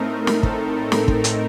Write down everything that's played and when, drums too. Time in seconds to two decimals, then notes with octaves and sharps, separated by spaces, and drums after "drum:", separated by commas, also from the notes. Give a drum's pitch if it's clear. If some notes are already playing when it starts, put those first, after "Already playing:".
Already playing: A2 A3 C4 D#4 A#4
0.27 drum: snare
0.43 A4, drum: kick
0.92 drum: snare
1.08 drum: kick
1.24 drum: hi-hat